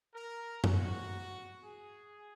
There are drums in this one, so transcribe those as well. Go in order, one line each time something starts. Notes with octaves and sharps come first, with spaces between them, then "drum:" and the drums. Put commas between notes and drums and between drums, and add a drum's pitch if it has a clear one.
A#4
F#4, drum: tom F#2
G#4